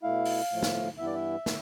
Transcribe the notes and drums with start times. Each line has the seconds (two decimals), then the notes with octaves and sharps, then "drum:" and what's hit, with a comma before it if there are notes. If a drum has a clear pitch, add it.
0.03 B2 A3 E4 F5
0.25 drum: open hi-hat
0.51 A2 F3 A3
0.63 drum: snare
0.98 G2 E3 B3 E4 E5
1.06 D5
1.15 E5
1.46 A2, drum: snare